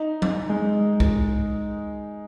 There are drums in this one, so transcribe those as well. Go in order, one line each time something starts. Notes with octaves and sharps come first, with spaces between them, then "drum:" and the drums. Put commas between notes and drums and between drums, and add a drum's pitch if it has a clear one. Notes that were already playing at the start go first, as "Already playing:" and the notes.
Already playing: D#4
drum: tom F#3
G#3
drum: kick